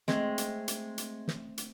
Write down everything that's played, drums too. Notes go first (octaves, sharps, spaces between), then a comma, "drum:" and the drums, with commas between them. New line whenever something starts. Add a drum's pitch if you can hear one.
G#3 A3 C4, drum: snare
drum: hi-hat
drum: hi-hat
drum: hi-hat
drum: snare
drum: hi-hat